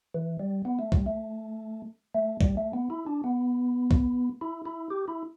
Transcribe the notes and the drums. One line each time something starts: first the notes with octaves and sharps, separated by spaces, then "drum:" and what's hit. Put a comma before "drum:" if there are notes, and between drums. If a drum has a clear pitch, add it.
E3
G3
B3
A3
G3, drum: kick
A3
A3
G3, drum: kick
A3
B3
E4
D4
B3
drum: kick
E4
E4
G4
E4